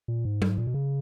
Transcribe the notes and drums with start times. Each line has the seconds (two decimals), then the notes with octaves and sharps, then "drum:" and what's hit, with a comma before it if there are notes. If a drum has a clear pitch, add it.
0.08 A#2
0.25 G#2
0.42 G2, drum: tom F#3
0.50 G#2
0.58 A#2
0.67 B2
0.74 C#3